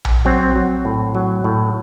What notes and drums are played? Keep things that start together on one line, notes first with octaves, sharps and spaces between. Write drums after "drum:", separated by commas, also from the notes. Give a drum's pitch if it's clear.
drum: tom A#1
F#3 C4
F#3
A2
F#3
A2